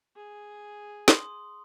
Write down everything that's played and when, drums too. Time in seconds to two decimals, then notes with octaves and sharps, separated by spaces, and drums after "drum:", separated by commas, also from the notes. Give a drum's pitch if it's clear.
0.16 G#4
1.08 C6 D#6, drum: snare